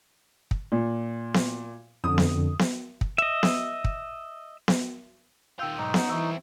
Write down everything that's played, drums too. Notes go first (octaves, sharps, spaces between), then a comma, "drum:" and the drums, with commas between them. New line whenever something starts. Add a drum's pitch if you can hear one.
drum: kick
A#2
drum: snare B3
F2 D3 D#6
drum: snare B3
drum: snare B3
drum: kick
D#5 E5
drum: snare B3
drum: kick
drum: snare B3
D#3 F4 G5 E6 G6
B1 G#2 D#4
C#4 F#4, drum: snare B3
E3 C4 E4 C#6 E6